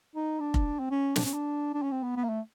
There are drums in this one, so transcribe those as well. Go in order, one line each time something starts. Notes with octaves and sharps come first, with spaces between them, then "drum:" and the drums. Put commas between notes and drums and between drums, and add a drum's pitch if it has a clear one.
D#4
D4
drum: kick F1
C4
C#4
D4, drum: snare
C#4
D4
D4
C#4
C4
B3
B3
A#3
A3